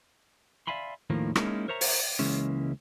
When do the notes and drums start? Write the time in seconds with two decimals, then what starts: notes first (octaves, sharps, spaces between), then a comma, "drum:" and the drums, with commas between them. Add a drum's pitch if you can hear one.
0.67 D5 E5 F5 G#5 B5 C6
1.10 D#2 A2 D#3 F3 A#3
1.35 G#3 A#3 C#4 D#4 E4, drum: rim click
1.68 A#4 C5 C#5 E5 A#5
1.81 drum: open hi-hat
2.19 C#2 E3 G#3 A#3 C#4 E5